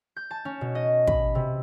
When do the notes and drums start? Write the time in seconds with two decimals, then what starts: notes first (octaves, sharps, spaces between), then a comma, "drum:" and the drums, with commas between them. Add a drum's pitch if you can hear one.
0.16 G6
0.31 A5
0.45 C#4
0.61 B2
0.75 D#5
1.08 B5, drum: kick
1.35 C3